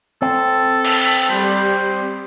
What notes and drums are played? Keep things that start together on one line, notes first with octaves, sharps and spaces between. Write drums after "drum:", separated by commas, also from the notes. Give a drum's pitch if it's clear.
C4 A4
drum: cymbal
G3 C5